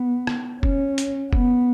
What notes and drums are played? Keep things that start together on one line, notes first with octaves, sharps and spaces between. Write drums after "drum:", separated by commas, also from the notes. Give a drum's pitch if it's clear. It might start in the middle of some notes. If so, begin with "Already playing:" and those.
Already playing: B3
drum: rim click
C#4, drum: kick F1
drum: hi-hat
B3, drum: kick F1